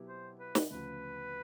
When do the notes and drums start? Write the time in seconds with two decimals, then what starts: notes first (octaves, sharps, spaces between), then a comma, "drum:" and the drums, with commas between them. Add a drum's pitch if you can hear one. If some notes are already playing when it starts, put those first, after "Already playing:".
Already playing: B2 F#3 B3 E4 G4
0.09 C5
0.40 B4
0.55 drum: snare
0.70 D2 C#3 F3 B4